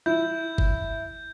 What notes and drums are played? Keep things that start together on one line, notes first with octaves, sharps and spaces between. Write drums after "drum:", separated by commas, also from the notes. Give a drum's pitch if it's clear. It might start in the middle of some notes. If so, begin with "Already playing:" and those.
E4 G6
drum: kick G1